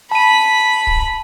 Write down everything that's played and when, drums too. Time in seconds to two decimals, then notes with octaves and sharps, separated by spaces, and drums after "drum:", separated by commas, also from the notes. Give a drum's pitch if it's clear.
0.11 A5 B5 D#7
0.87 drum: kick